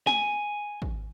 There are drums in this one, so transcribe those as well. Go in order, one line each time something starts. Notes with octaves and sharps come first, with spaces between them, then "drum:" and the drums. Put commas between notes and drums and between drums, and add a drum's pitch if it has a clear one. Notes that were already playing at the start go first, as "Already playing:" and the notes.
G#5, drum: snare
drum: kick